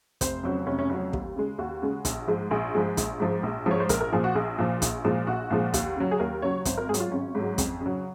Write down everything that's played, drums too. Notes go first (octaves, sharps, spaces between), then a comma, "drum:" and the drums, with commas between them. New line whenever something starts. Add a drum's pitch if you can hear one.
F1 C5, drum: kick, hi-hat
F2 C#3 F#3
F1 C#4
C#4
F2 C#3 F#3 C#4
D#2, drum: kick
C#3 G#3
D#2 F#4
C#3 G#3
A#1, drum: kick, hi-hat
G#2 F3 G#3
A#1 G#4
G#2 F3 G#3
A#1, drum: kick, hi-hat
G#2 F3
A#1
G#2 F3 C#5
C5
A#1 A#4, drum: kick, hi-hat
A#4
A#2 F3 G#4
F#4
A#1 G#4
A#2 F3
A#1, drum: kick, hi-hat
A#2 F3 G#3
A#1 F#4
A#2 F3 G#3
D#2, drum: kick, hi-hat
C#3 F#3
G#4
D#2 A#4
C#3 F#3 C#5
G#1 C5, drum: kick, hi-hat
A#4
G#2 G#4
F#3, drum: hi-hat
F4
G#1 C#4
G#2 F#3
F2, drum: kick, hi-hat
C#3 F#3